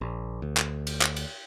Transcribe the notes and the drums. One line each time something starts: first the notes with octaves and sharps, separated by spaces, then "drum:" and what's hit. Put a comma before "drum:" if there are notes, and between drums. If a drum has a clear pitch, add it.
A#1
D2
drum: clap
drum: cymbal
drum: clap
drum: cymbal